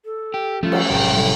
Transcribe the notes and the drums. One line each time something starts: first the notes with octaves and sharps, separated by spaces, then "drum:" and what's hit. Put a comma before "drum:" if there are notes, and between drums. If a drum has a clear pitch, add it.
A4
G4
F3 G3 A3 C#4 F4
drum: cymbal
F1 A2 F#3 G#3 A#4 G5
C3 G3 E4 A4